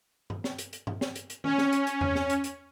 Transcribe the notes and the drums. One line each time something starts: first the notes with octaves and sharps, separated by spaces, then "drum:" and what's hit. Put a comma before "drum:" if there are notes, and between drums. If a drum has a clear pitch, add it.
drum: tom G2
drum: snare
drum: hi-hat
drum: hi-hat
drum: tom G2
drum: snare
drum: hi-hat
drum: hi-hat
C#4, drum: tom D#3
drum: snare
drum: hi-hat
drum: hi-hat
drum: tom E2
drum: snare
drum: hi-hat
drum: hi-hat